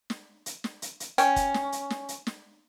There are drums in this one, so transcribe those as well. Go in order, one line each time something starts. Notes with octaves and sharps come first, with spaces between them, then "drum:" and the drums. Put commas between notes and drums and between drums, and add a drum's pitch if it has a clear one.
drum: snare
drum: hi-hat
drum: snare
drum: hi-hat
drum: hi-hat
C#4 G5, drum: hi-hat
drum: kick, hi-hat
drum: snare
drum: hi-hat
drum: snare
drum: hi-hat
drum: snare